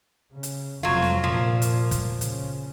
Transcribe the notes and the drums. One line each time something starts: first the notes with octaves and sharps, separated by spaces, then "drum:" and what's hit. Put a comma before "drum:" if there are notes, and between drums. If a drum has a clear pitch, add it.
C#3
drum: hi-hat
F1 F2 F#3 F4
drum: snare
A#2 F3
drum: hi-hat
drum: kick, hi-hat
C#3, drum: hi-hat